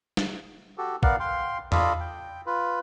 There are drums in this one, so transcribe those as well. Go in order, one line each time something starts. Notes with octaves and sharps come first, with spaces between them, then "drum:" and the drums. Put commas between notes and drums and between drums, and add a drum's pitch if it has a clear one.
drum: snare
F#4 G4 A4
B3 A#4 D5 F5 F#5, drum: kick
F5 G5 C6
F4 A4 D5 D#5 F5 B5, drum: tom E2
G5
F4 B4